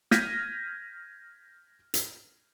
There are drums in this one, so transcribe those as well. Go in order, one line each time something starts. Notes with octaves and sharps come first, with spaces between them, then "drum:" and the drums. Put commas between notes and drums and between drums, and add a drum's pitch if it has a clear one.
F6 G6 G#6 A#6 B6 D#7, drum: snare
drum: hi-hat